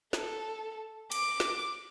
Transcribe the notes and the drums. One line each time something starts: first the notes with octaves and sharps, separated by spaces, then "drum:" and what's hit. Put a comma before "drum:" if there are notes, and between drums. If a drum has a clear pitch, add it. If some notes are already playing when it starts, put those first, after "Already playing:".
A4, drum: snare
D6, drum: cymbal
drum: snare